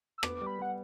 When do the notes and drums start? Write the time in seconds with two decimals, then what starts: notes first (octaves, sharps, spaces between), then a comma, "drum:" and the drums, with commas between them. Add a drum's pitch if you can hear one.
0.18 E6
0.23 B3 D6, drum: rim click
0.41 G3
0.47 B5
0.59 G3 F#5